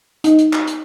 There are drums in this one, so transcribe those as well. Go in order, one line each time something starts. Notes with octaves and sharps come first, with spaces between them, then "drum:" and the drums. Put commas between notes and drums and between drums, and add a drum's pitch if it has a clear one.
D#4, drum: hi-hat
drum: hi-hat
drum: clap
drum: hi-hat